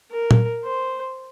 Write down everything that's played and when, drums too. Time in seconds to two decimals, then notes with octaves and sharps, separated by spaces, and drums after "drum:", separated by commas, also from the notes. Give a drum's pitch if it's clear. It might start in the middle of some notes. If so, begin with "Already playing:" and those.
0.11 A#4
0.31 drum: tom A#2
0.63 C5